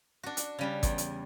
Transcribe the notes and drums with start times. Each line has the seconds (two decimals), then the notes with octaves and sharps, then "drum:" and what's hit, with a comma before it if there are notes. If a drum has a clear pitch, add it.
0.23 D4 F#4
0.37 drum: hi-hat
0.59 C#3 G3 D4
0.83 E2, drum: kick G#1, hi-hat
0.98 drum: hi-hat